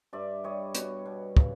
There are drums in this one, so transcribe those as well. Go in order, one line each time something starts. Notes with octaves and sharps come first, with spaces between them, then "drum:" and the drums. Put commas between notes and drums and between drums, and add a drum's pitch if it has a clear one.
G2 D5 E5
G3 C#5 D#5
B2 B4 C#5, drum: hi-hat
B2
C#3, drum: kick